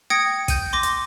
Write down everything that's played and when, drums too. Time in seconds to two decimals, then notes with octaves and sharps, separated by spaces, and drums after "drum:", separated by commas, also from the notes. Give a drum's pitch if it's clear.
0.10 G5 D#6 G#6 A#6 C#7
0.48 G6 D#7, drum: kick, hi-hat
0.73 C6 D6 A#6
0.83 drum: hi-hat